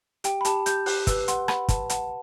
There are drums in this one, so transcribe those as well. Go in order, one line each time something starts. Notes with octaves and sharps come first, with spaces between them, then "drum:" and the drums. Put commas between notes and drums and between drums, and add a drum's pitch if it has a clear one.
G4 G5, drum: hi-hat
B5
G4 A5, drum: hi-hat
G4 G6, drum: hi-hat
G4 F#6, drum: open hi-hat
B4 E6, drum: kick, hi-hat
F#5 C6, drum: hi-hat
F#5 B5, drum: rim click
B4 A5, drum: kick, hi-hat
F#5 A5, drum: hi-hat